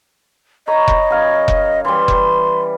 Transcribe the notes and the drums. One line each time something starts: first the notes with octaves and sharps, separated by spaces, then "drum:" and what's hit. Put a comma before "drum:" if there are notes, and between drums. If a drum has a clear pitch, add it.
C#5 D#5 A#5 B5
drum: kick F1
F#2 F5 G#5
drum: kick F1
E3 G3 C6
drum: kick F1